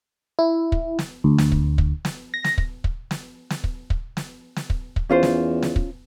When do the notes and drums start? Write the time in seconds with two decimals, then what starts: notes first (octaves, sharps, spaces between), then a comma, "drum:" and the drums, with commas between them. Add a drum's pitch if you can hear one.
0.39 E4
0.72 drum: kick
0.99 drum: snare
1.24 D2
1.38 drum: snare
1.52 drum: kick
1.78 drum: kick
2.05 drum: snare
2.34 A#6
2.44 drum: snare
2.58 drum: kick
2.84 drum: kick
3.11 drum: snare
3.50 drum: snare
3.64 drum: kick
3.90 drum: kick
4.17 drum: snare
4.56 drum: snare
4.70 drum: kick
4.96 drum: kick
5.09 E2 C#4 F4 C5
5.23 drum: snare
5.62 drum: snare
5.76 drum: kick